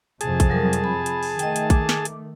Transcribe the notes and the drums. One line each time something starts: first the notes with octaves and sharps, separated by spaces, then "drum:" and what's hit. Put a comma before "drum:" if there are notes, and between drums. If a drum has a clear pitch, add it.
F2 C3 F3 G#4 A5, drum: hi-hat
drum: kick A#1, hi-hat
F#3 G3 A#4
drum: hi-hat
B5
drum: hi-hat
drum: open hi-hat
D#3 A3 D#5 G5, drum: hi-hat
drum: hi-hat
D6, drum: kick A#1, hi-hat
drum: snare
drum: hi-hat